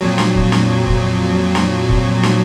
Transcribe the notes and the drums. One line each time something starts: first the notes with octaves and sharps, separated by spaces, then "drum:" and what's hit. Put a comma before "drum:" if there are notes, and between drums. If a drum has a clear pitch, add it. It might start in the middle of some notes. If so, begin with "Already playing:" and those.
F2 A#2 F#3
drum: snare
drum: kick
drum: snare
drum: kick
drum: snare
drum: kick
drum: snare